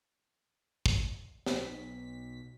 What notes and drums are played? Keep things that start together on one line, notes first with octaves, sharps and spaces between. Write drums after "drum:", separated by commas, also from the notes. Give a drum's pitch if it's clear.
drum: kick
B1 B6, drum: snare